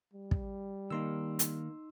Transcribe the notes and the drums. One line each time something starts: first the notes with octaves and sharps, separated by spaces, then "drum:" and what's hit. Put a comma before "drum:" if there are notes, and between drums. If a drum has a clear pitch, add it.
G3
drum: kick
D#3 A#3 D#4 C6 E6
drum: hi-hat